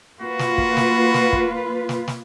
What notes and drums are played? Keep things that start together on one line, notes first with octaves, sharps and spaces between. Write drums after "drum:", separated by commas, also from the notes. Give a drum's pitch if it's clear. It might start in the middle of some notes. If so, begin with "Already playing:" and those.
A#3 F4 F#4 B4
drum: snare
drum: kick
drum: snare
drum: snare
drum: kick
drum: snare
drum: snare